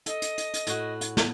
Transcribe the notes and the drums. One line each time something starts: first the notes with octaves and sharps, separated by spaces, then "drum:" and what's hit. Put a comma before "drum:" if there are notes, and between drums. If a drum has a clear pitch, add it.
A4 D#5, drum: hi-hat
drum: hi-hat
drum: hi-hat
drum: hi-hat
A2 F#4, drum: hi-hat
drum: hi-hat
drum: snare